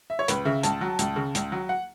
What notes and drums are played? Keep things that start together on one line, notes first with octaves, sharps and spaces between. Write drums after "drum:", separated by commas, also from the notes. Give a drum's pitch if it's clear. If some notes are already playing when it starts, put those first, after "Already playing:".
E5
C#5
C#2 B4, drum: hi-hat
C#3 E5
C#2 A5, drum: hi-hat
F#3
C#2, drum: hi-hat
C#3
C#2, drum: hi-hat
F#3
F#5